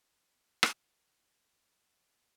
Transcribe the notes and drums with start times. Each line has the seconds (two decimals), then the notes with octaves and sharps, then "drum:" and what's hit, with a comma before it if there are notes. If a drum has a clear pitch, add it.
0.63 drum: rim click
0.79 F4
0.99 C#3
1.16 A4
1.38 F3
1.54 B4
1.85 B2
2.10 A#3